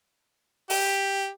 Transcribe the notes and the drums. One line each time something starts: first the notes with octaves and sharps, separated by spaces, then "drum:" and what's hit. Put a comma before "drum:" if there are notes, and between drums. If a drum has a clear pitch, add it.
G4, drum: open hi-hat